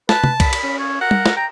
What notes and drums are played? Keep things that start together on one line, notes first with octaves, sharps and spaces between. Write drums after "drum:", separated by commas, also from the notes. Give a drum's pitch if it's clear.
B4 A5, drum: snare
drum: tom
B5, drum: kick C2, cymbal
drum: cymbal
C#4
C#5
A#4 F#5
drum: tom
drum: snare
G5 A#5